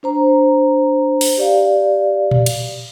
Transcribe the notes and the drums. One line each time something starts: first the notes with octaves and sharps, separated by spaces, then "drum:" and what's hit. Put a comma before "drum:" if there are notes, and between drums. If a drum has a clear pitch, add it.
D4 C5 A#5
drum: open hi-hat
G4 D5 F5
drum: tom A#2
drum: cymbal